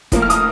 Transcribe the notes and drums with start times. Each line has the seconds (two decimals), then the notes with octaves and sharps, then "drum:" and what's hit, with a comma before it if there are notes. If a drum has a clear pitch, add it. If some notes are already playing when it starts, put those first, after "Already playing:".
0.12 A2 F3 A#3, drum: kick, hi-hat
0.22 F6
0.30 D#6, drum: hi-hat